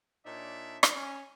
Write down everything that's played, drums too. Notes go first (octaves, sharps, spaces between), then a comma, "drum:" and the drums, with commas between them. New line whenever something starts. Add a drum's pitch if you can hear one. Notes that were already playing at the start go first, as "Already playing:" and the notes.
A#2 D4 D#4 C#5 D5 E5
drum: rim click
C#4